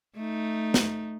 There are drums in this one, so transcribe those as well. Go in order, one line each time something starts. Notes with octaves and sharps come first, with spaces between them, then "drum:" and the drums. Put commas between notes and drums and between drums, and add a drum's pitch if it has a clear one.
A3 D#4
drum: snare